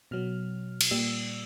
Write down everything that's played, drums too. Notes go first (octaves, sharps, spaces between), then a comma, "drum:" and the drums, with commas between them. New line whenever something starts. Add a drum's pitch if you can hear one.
B2 F#3 F6
drum: cymbal
A#2 G3 E6